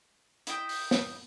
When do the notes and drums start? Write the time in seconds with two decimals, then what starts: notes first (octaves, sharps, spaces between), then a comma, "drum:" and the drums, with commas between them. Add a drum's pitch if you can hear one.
0.47 E4 D#5 G5, drum: hi-hat
0.69 drum: open hi-hat
0.91 drum: snare